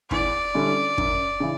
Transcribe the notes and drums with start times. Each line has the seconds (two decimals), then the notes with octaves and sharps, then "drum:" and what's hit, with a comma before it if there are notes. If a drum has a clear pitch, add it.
0.11 E2 D5, drum: kick
0.54 D3 G3 C#4 E4
0.98 F#2, drum: kick
1.40 C#3 E3